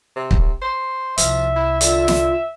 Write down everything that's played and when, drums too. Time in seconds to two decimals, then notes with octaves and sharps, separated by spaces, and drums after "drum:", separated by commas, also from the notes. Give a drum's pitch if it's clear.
0.16 C3
0.31 drum: kick
0.62 C5
1.18 C2 F3 E5, drum: hi-hat
1.56 E4
1.81 D3 F4, drum: hi-hat
2.08 drum: snare